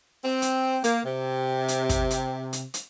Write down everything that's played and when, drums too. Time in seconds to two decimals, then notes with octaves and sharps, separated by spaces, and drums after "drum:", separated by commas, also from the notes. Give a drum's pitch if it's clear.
0.25 C4
0.42 drum: hi-hat
0.84 A#3, drum: hi-hat
1.05 C3
1.68 drum: hi-hat
1.89 drum: kick, hi-hat
2.10 drum: hi-hat
2.53 drum: hi-hat
2.74 drum: hi-hat